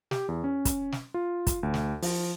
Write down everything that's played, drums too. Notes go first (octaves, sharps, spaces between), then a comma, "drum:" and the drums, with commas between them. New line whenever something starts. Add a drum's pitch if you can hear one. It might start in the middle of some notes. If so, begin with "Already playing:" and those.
G4, drum: snare
E2
C#4
drum: kick, hi-hat
drum: snare
F4
drum: kick, hi-hat
D2
drum: snare
F3, drum: open hi-hat